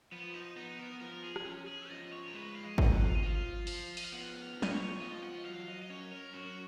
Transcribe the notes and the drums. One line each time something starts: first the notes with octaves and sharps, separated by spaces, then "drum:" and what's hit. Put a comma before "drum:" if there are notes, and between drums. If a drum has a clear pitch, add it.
F3 B3
D#4
B3 D#4
A#4
F3 A#4
G#4
drum: rim click
C#4
G#4
F3 D#5
C#5
A#4
G#3 B4
F5
D#5
F3, drum: kick
F#5
F5
D#5
F4 F5
F3, drum: open hi-hat
D#5, drum: open hi-hat
F5
B3 F#5
F5
F3
D#5, drum: snare
C#5
F4 D#5
F#5
D#5
F#3 F5
D#5
D#5
C#4 C#5
A#4
F#3 F#4